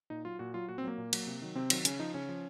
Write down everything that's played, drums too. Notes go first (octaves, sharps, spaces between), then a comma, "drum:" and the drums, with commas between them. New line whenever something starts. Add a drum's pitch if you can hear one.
A#2 D#4
F#3 F4
A#2 F#4
F#3 F4
A#2 F#4
C4
F#3 A#3
A#2
F#3, drum: cymbal
C3
D#3 F#3
C3 C4
D#3 F#3, drum: cymbal
C#3 C#4, drum: hi-hat
F3 D#4
C#3 C#4
F3